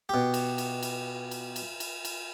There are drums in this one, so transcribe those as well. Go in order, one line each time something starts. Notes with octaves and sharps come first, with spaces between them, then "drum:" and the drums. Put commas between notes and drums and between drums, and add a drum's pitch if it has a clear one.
B2 G4
drum: cymbal
drum: cymbal
drum: cymbal
drum: cymbal
drum: cymbal
drum: cymbal
drum: cymbal